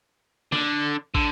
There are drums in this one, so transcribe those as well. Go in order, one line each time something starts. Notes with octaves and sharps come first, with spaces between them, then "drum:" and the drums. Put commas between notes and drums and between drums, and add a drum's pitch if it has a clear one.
D3, drum: snare
D3, drum: kick